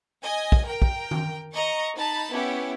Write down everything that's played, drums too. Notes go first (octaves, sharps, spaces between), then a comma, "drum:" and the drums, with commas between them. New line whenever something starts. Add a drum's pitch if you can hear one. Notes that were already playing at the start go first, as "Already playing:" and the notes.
D#5 G#5
drum: kick
A#4 G5
drum: kick
drum: tom D#3
D#5 A#5 C#6
D#4 A5 B5
B3 C#4 E4 G4